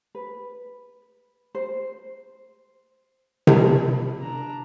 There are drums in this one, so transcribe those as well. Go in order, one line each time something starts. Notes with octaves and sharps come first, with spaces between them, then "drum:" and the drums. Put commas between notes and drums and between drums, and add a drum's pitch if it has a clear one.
B4
C5
drum: tom C3
E4
D4 A#5